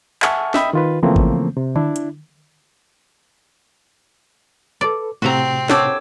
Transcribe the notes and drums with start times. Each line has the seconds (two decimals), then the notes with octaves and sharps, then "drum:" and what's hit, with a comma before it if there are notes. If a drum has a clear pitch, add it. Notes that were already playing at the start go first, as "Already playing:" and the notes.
0.22 E5 F#5 G#5 A5 C#6 F6, drum: clap
0.54 D#5 E5 G5 B5 D#6, drum: snare
0.73 D#3 F4 B4
1.03 C#3 E3 F3 A3 A#3 C4
1.16 drum: kick
1.57 C3
1.76 D4 E4, drum: tom D3
1.96 drum: hi-hat
4.81 A4 B4 D5
5.22 A2 C3 C4 F#4 E5 A#5
5.69 F#4 G4 A4 C#5 D6 E6, drum: snare